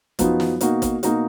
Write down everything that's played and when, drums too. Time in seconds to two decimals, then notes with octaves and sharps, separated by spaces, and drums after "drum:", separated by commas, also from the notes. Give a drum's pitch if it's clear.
0.19 F#2 F3 B3 D#4 F#4, drum: kick, hi-hat
0.40 drum: snare
0.61 B2 A#3 D#4 F#4, drum: hi-hat
0.82 drum: kick, hi-hat
1.03 B2 A#3 D#4 F#4, drum: hi-hat